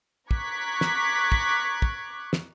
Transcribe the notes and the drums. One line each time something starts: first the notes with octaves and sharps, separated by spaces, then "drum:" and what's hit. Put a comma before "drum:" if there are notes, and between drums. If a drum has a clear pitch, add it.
A#5 C#6 D6 F#6 G#6 B6, drum: kick
drum: snare
drum: kick
drum: kick
drum: snare